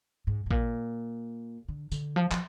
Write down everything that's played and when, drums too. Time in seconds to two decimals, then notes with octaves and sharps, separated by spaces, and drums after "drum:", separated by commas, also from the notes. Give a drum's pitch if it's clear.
0.27 G#2
0.46 G#2
0.51 A#2, drum: kick A1
1.69 D3
1.92 D3, drum: tambourine
2.16 F3
2.31 F3, drum: clap